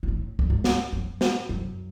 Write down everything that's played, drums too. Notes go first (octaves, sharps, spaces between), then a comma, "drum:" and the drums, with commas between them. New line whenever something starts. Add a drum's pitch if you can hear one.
C3
A2
F#2, drum: kick C#2
G#2
drum: snare
F#2
drum: snare
F#2